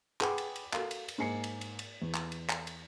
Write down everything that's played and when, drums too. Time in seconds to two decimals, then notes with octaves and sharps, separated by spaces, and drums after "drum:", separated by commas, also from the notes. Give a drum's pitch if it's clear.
0.21 G#4 B4 F#5 G5 B5 D6, drum: clap
0.38 drum: cymbal
0.56 drum: cymbal
0.73 F#4 A4 A#4 F5, drum: clap
0.91 drum: cymbal
1.08 drum: cymbal
1.18 G#2 A#3 G#5 C7 C#7
1.44 drum: cymbal
1.61 drum: cymbal
1.79 drum: cymbal
2.02 E2
2.14 drum: clap
2.32 drum: cymbal
2.49 drum: clap
2.67 drum: cymbal